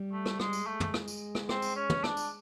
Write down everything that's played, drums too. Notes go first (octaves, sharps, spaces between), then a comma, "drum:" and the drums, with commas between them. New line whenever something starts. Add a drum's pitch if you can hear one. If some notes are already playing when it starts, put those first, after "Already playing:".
Already playing: G3
A3
drum: rim click
G#3, drum: rim click
drum: tambourine
G#3 A3
drum: tom
drum: rim click
drum: tambourine
drum: rim click
C4, drum: rim click
drum: tambourine
C#4
drum: tom
D4, drum: rim click
drum: tambourine